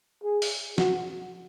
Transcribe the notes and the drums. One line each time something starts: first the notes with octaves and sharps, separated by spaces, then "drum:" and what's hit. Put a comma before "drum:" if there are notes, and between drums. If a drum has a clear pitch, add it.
G#4
drum: open hi-hat
F#4, drum: snare